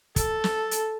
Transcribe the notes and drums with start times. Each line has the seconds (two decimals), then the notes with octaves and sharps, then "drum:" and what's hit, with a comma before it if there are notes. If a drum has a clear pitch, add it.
0.16 A4, drum: kick, hi-hat
0.44 drum: snare
0.71 drum: hi-hat